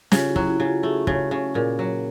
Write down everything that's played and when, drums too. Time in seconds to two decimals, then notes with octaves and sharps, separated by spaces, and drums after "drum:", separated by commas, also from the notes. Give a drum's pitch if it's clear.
0.12 C#3 F4 G4, drum: snare
0.29 E4 F#4
0.36 F#3, drum: kick
0.47 E4 F#4
0.60 C#3
0.65 F4 G4
0.83 A3 F#4 G#4
1.07 C#3, drum: kick
1.31 C#3
1.55 A#2 G#4 A#4
1.79 F#3